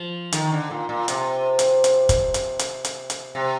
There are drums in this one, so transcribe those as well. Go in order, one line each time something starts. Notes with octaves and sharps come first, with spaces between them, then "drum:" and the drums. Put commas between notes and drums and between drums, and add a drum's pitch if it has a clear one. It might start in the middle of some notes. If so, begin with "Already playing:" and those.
Already playing: F3
D#3, drum: hi-hat
D3
A#2
A#2
C3, drum: hi-hat
drum: hi-hat
drum: hi-hat
drum: kick, hi-hat
drum: hi-hat
drum: hi-hat
drum: hi-hat
drum: hi-hat
C3